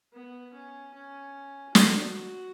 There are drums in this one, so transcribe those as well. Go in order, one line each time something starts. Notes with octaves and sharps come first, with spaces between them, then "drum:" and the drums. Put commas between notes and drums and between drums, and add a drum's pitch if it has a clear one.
B3
C#4
C#4
F#4, drum: snare